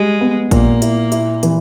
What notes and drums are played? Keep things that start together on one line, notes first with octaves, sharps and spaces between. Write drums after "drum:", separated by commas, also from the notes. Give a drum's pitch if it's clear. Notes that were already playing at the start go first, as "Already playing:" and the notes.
Already playing: G3 G#3
B3
A#2 A#3, drum: kick A1, hi-hat
E4, drum: hi-hat
E4, drum: hi-hat
E3, drum: hi-hat